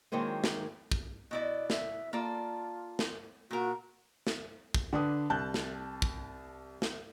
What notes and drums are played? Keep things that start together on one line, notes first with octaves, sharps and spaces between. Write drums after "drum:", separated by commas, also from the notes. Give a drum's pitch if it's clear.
D#3 F#3 G#3 A#3 C4
drum: snare
drum: kick
B2 E4 D5 D#5
E5, drum: snare
A#3 F4 A4 D5
drum: snare
A#2 F#4 A#4
drum: snare
drum: kick
D3 D4 B4 D#6
C2 A5 F#6 G6
drum: snare
drum: kick
drum: snare